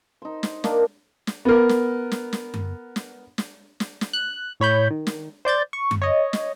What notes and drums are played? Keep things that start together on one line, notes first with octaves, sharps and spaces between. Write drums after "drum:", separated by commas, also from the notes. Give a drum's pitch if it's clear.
D#4 C5
drum: snare
A#3 D4 A#4 D#5, drum: snare
drum: snare
B3 A#4
drum: snare
drum: snare
drum: snare
drum: tom F#2
drum: snare
drum: snare
drum: snare
drum: snare
F#6
A2 C#5 B5 G6
D#3
drum: snare
C5 D5 G6 A6
C#6
drum: tom F#2
C#5 D#5
drum: snare